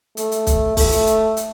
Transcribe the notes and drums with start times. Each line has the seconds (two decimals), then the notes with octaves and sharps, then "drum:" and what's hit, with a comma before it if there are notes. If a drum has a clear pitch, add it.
0.17 A3, drum: hi-hat
0.32 drum: hi-hat
0.47 drum: kick, hi-hat
0.77 A3, drum: kick, open hi-hat
0.92 drum: hi-hat
1.07 drum: hi-hat
1.37 drum: hi-hat